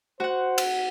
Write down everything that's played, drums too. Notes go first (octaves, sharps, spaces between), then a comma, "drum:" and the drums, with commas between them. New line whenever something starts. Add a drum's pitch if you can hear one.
F#4 C5 F#5
drum: cymbal